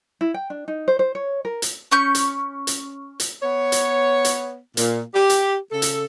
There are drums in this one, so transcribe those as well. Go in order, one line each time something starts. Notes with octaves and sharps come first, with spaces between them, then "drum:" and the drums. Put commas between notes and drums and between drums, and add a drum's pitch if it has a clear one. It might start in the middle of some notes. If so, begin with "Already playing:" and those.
E4
G5
D4
D#4
C5
C5
C#5
A#4
drum: hi-hat
C#4 C#6 G6
drum: hi-hat
drum: hi-hat
drum: hi-hat
B3 C#5
drum: hi-hat
drum: hi-hat
A#2, drum: hi-hat
G4
drum: hi-hat
C#3 A4
drum: hi-hat